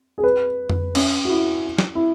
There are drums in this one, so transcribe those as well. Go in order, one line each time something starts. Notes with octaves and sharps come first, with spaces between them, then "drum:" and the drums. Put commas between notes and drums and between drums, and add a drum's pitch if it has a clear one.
G#4
B4
drum: tom F2
C#4, drum: cymbal
F#4
E4
drum: snare
E4